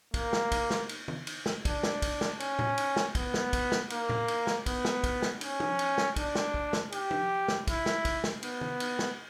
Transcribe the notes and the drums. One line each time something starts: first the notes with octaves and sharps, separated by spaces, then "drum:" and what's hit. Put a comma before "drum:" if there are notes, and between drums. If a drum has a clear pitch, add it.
A#3, drum: kick, cymbal
drum: snare
drum: kick, cymbal
drum: snare
drum: cymbal
drum: tom D#3
drum: cymbal
drum: snare
D4, drum: kick, cymbal
drum: snare
drum: kick, cymbal
drum: snare
C#4, drum: cymbal
drum: tom A2
drum: cymbal
drum: snare
B3, drum: kick, cymbal
drum: snare
drum: kick, cymbal
drum: snare
A#3, drum: cymbal
drum: tom A2
drum: cymbal
drum: snare
B3, drum: kick, cymbal
drum: snare
drum: kick, cymbal
drum: snare
C#4, drum: cymbal
drum: tom
drum: cymbal
drum: snare
D4, drum: kick, cymbal
drum: snare
drum: kick
drum: snare
G4, drum: cymbal
drum: tom
drum: snare
E4, drum: kick, cymbal
drum: snare
drum: kick, cymbal
drum: snare
B3, drum: cymbal
drum: tom D#3
drum: cymbal
drum: snare